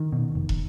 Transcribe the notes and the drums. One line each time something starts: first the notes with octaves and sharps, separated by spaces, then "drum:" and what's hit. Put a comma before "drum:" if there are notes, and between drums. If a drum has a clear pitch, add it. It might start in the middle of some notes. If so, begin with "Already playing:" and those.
Already playing: D#3
B2
F1
drum: kick